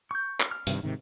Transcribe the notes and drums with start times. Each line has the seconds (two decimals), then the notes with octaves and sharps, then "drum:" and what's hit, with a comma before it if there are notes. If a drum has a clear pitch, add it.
0.11 C#6 G6
0.40 drum: clap
0.51 F6
0.67 G2 C3 D#3, drum: hi-hat
0.83 G#2 C3 D#3